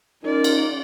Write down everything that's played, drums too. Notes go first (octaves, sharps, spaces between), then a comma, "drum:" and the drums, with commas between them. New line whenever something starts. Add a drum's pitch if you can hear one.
C#4 D#4 F4 A#4 D5
drum: cymbal